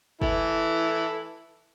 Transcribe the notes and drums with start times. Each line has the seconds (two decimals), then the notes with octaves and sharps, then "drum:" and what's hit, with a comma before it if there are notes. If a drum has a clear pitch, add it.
0.22 E3 E4 A4, drum: kick